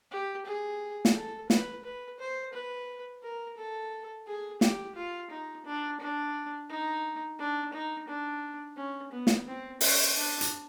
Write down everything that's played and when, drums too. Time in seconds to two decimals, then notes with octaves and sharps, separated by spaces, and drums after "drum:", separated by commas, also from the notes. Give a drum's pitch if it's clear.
0.11 G4
0.46 G#4
1.05 drum: snare
1.15 A4
1.50 B4, drum: snare
1.84 B4
2.19 C5
2.53 B4
3.23 A#4
3.57 A4
4.27 G#4
4.61 G4, drum: snare
4.95 F4
5.31 D#4
5.66 D4
6.00 D4
6.69 D#4
7.39 D4
7.73 D#4
8.07 D4
8.76 C#4
9.12 B3
9.27 drum: snare
9.46 C4
9.81 C#4, drum: open hi-hat
10.16 D4
10.41 drum: hi-hat